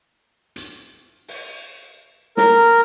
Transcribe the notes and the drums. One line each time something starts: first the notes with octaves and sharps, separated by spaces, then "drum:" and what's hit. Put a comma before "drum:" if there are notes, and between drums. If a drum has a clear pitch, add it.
drum: hi-hat
drum: open hi-hat
A#4, drum: snare